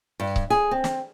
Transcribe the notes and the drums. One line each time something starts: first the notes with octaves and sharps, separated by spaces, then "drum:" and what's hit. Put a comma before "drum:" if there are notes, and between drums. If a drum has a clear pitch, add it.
G2
drum: kick C#1
G#4
C4
drum: snare